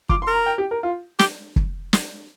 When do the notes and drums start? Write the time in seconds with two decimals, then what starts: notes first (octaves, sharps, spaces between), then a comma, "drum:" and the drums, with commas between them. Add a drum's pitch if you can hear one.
0.09 F4 D6, drum: kick
0.22 C6
0.27 A#4
0.34 A#5
0.46 G5
0.58 G4
0.71 A#4
0.83 F4
1.19 G4, drum: snare
1.56 drum: kick
1.93 drum: snare